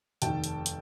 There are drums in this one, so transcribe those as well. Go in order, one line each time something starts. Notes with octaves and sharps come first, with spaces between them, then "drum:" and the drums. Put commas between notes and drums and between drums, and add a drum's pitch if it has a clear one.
F1 D#2 D#3 G5 A5, drum: hi-hat
drum: hi-hat
drum: hi-hat